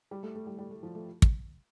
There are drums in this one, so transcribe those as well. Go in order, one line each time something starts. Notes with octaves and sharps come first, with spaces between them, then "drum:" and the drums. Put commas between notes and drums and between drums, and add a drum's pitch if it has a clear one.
G3
A3
A3
G3
G3
A3
F3
A3
drum: kick